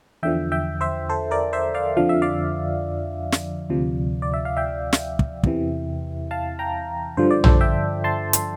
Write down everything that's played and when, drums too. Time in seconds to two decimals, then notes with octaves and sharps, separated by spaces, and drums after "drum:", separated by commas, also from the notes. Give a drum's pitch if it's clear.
0.23 E2 D3 F3 E5 G5
0.52 E5 G5
0.81 C5 E5
1.09 A4 C5
1.31 A#4 D5
1.53 C5 E5
1.74 D5 F5
1.97 F2 D3 F3 F5
2.09 E5
2.22 D5 F5
3.32 drum: snare
3.70 D2 C3 F3
4.22 D5
4.34 E5
4.45 F5
4.57 E5 G5
4.93 drum: snare
5.19 drum: kick
5.43 E2 C3 E3, drum: kick
6.31 F5 A5
6.59 G5 A#5
7.17 G2 D3 F3 C5
7.31 D5
7.44 A4 C5, drum: tom A#1
7.61 E5 G5
8.04 A5 C6
8.33 drum: hi-hat